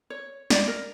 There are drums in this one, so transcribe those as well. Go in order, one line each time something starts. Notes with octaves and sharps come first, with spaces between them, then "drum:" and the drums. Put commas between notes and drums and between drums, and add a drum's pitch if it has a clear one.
C#5
D5, drum: snare
A#4